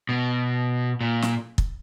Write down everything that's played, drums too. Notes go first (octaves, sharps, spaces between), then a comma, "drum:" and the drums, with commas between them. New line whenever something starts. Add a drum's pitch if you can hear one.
B2
A#2
drum: snare
drum: kick